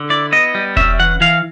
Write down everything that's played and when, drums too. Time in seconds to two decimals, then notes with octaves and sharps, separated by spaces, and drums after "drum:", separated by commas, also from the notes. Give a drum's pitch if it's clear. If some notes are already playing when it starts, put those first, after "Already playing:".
Already playing: D3
0.10 E4 D5
0.32 B3 D#5
0.55 G3
0.77 C#4 E5, drum: kick E1
0.99 E3 F#5
1.21 E3 F5